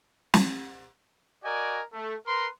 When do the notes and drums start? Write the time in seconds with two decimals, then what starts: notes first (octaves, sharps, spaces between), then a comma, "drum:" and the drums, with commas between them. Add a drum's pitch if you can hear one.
0.34 drum: snare
1.43 F#4 A#4 D5 D#5 G#5
1.93 A3
2.26 A#4 B4 A#5 C6